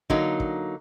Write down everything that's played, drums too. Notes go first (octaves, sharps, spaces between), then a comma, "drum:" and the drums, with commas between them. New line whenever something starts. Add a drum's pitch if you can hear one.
D3 F#3 A#3 D#4, drum: kick
drum: kick